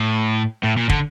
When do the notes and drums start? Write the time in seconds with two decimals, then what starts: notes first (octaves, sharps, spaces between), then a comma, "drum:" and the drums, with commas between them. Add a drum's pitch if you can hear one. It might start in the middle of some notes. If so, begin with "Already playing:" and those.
Already playing: A2
0.64 A2
0.77 A#2
0.89 D3, drum: kick